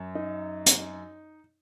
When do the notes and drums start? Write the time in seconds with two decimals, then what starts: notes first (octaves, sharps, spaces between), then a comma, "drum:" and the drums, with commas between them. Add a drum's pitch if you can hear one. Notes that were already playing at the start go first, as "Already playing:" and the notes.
Already playing: F#2
0.15 D#4
0.66 drum: hi-hat